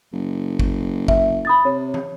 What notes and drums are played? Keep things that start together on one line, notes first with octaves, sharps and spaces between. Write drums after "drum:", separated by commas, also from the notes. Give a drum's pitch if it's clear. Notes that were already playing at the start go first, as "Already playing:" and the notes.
F#1
drum: kick
E5, drum: kick
B5 D#6 A6
C3 C#5
drum: tom